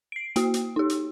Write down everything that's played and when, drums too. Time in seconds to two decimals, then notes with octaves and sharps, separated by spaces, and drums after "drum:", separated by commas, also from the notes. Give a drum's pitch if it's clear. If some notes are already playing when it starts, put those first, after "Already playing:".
0.12 C7 D7
0.36 A#3 F#4, drum: hi-hat
0.54 drum: hi-hat
0.76 D#4 G4
0.90 drum: hi-hat